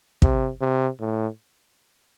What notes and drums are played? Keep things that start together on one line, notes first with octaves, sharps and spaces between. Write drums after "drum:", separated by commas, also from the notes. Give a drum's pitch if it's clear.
C3, drum: kick
C3
A2